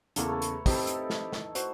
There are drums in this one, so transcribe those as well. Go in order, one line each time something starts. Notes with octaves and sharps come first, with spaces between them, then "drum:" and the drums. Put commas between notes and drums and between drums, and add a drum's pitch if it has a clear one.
E2 C#3 A3 A#3 A4, drum: hi-hat
A4 B4 C#5
drum: hi-hat
C4 D#4 E4 G4 A4, drum: kick, open hi-hat
drum: hi-hat
drum: snare
drum: snare
F#4 C5, drum: hi-hat